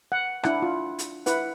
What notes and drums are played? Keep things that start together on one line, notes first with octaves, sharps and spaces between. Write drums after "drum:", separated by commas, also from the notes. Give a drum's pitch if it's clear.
F#5
D4 E4 F#5, drum: rim click
F4
drum: hi-hat
E4 B4 F#5, drum: hi-hat